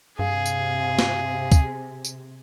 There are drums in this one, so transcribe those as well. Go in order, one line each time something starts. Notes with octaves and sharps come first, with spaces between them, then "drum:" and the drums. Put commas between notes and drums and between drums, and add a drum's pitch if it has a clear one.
G2 C3 G#4 F5
drum: tambourine
drum: snare
drum: kick, tambourine
drum: tambourine